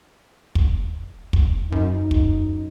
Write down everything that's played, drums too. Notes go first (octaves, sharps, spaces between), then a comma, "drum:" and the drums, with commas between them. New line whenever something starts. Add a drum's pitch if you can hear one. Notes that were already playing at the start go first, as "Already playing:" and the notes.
drum: kick
drum: kick
F#2 D#4
drum: kick